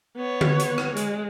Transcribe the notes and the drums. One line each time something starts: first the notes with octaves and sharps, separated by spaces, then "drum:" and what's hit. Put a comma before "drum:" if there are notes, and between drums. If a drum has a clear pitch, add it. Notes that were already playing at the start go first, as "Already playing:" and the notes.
B3 C#5
drum: tom D3
drum: hi-hat
drum: rim click
G#3, drum: hi-hat